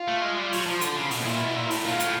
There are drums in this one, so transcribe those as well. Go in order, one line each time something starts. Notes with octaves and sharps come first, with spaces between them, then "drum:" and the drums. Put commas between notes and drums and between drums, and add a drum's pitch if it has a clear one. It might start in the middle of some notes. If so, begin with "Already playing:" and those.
Already playing: F4
A3
G#3
G3
F#3, drum: open hi-hat
F3
D3, drum: hi-hat
C#3
B2, drum: open hi-hat
A2
A#2 E4
B2
A#2
A2, drum: open hi-hat
A#2 F4
G#2
A2, drum: hi-hat